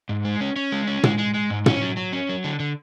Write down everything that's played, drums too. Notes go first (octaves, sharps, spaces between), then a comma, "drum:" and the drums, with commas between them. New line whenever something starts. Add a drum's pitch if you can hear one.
G#2
G#3
C#4
C#4
G#3
C#4
G#3, drum: tom
G#3
G#3
G#2
C#4, drum: tom
F#3
F#3
C#4
F#3
D3
D3